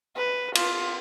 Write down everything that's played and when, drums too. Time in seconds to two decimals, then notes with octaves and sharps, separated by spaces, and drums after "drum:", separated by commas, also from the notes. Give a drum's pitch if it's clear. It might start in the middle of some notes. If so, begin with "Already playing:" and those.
0.16 B4
0.55 F4, drum: cymbal